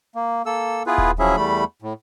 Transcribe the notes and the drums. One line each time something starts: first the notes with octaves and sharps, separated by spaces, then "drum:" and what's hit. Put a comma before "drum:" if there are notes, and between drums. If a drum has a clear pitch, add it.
A#3
A#3 A4 E6
B3 E4 F4 G#4 B4
drum: kick D#1
F3 F#3 C#4 E4 G#4 E5
E2 G3 A3 B5
A2